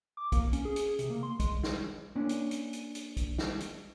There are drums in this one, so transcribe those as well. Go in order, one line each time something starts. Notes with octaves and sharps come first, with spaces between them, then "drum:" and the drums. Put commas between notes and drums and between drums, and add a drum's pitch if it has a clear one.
D6
A#3, drum: kick, hi-hat
C#4, drum: hi-hat
G#4
drum: hi-hat
C3, drum: hi-hat
A#3
C6
G#3, drum: kick, hi-hat
drum: snare
A#3 C#4 D4
drum: hi-hat
drum: hi-hat
drum: hi-hat
drum: hi-hat
drum: kick, hi-hat
drum: snare
drum: hi-hat